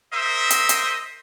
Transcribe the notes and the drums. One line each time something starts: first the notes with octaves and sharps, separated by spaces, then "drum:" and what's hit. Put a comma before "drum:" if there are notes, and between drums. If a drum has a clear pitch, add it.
A#4 C5 D#5 E5
drum: hi-hat
drum: hi-hat